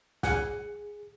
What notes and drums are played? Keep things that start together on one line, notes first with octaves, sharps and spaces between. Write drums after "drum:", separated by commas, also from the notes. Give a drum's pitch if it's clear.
G#4 F#5 G#5, drum: snare